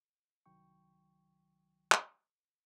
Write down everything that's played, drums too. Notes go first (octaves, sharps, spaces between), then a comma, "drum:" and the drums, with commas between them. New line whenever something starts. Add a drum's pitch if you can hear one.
C2 D#3 F#3 G5 C#6
drum: clap